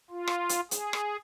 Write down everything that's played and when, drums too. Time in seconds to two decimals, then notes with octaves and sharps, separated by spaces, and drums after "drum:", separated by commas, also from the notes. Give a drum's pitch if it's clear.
0.10 F4
0.27 drum: rim click
0.49 drum: hi-hat
0.71 G#4, drum: hi-hat
0.93 drum: rim click